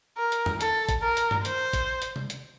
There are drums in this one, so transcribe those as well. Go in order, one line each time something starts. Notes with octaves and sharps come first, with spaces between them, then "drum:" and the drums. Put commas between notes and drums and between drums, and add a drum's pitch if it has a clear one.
A#4
drum: hi-hat
drum: tom
A4, drum: hi-hat
drum: kick, hi-hat
A#4
drum: hi-hat
drum: tom
C5, drum: hi-hat
drum: kick, hi-hat
drum: hi-hat
drum: tom
drum: hi-hat